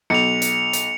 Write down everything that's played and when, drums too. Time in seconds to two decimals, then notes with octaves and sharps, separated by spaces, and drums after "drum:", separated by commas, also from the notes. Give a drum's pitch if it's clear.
0.10 B1 C#7 F7
0.42 drum: hi-hat
0.73 drum: hi-hat